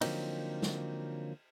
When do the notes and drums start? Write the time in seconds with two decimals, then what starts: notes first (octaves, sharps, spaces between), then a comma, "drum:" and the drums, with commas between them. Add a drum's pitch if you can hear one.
0.01 D3 F3 F#3 A#3 C4 D#4, drum: cymbal
0.62 drum: snare